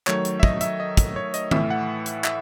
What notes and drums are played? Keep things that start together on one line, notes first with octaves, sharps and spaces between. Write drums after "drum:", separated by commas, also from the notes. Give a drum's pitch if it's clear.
D#3 F#3 A3 C#5, drum: clap
drum: hi-hat
E5
D#5, drum: kick
E5, drum: hi-hat
D#5
drum: kick, hi-hat
C#5
D#5, drum: hi-hat
A2 E3 A3 E5, drum: tom D#3
F#5
drum: hi-hat
E5, drum: clap